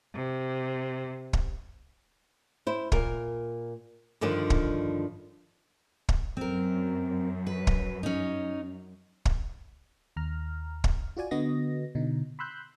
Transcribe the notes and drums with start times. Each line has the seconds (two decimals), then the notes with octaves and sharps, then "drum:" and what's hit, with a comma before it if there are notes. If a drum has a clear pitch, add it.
0.14 C3
1.33 drum: kick
2.67 E4 C5
2.92 A#2 A#4, drum: kick
4.21 G2 D3 D#3 F3 D4
4.50 drum: kick
6.09 drum: kick
6.37 F#2 C4 A#4
7.47 B4
7.67 drum: kick
8.03 C#4 D#4
9.25 drum: kick
10.16 D#2 A#5 F6
10.84 drum: kick
11.17 F4 F#4 D5 G#5
11.31 D3 B3 F#4 D#5 A#6
11.95 B2 D3 D#4
12.39 B5 C6 E6 F#6 G6